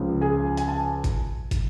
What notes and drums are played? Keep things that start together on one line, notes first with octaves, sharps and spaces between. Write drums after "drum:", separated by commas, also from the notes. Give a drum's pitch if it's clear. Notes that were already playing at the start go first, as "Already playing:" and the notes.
Already playing: C#2 C#3 F3
G#4 G#5
G#5, drum: hi-hat
A5
drum: kick, hi-hat
drum: kick, hi-hat